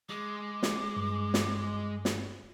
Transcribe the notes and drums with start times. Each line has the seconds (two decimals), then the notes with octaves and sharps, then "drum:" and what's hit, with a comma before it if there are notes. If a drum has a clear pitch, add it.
0.09 G#3 D6
0.63 drum: snare
0.96 G2
1.34 drum: snare
2.05 drum: snare